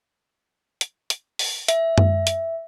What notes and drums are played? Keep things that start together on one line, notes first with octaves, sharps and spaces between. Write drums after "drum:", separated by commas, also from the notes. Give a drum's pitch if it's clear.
drum: hi-hat
drum: hi-hat
drum: open hi-hat
E5, drum: hi-hat
drum: tom F#2
drum: hi-hat